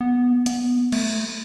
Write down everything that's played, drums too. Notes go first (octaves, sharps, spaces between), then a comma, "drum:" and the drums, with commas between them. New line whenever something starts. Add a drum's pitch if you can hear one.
B3
B3, drum: hi-hat
A3, drum: cymbal